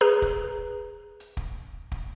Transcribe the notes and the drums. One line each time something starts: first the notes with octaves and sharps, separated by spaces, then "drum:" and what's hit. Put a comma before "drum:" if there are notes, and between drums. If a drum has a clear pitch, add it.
G#4 B4 A#5
drum: kick
drum: hi-hat
drum: kick
drum: kick